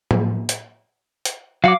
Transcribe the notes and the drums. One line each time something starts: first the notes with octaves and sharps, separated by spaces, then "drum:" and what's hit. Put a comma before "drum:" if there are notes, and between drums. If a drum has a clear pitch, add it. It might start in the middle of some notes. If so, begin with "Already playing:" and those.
drum: tom
drum: hi-hat
drum: hi-hat
F#3 F#4 F5 D6